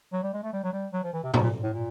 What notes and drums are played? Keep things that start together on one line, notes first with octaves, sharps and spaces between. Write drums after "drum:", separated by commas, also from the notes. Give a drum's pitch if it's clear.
F#3
G3
G#3
A3
G3
F#3
G3
F#3
F3
E3
C3
B2, drum: tom A2
A#2
A2
A#2